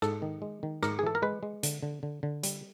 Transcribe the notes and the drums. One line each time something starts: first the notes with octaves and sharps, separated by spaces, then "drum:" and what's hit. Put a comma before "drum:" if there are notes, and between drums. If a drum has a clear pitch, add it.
G#2 A4, drum: rim click
D#3
G#3
D#3
G#2 A#4, drum: rim click
G#4
E3 A4
A#4
G#3 B4
G#3
D3, drum: hi-hat
D3
D3
D3
G3, drum: hi-hat